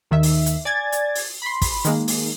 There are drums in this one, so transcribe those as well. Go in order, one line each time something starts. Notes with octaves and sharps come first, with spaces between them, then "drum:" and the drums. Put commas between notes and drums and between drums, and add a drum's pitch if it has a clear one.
D#2 D#3 E5
drum: open hi-hat
drum: hi-hat
D5 G#5 G#6 A6
drum: hi-hat
drum: open hi-hat
B5 C6
drum: kick, open hi-hat
D#3 G#3 A#3, drum: hi-hat
drum: open hi-hat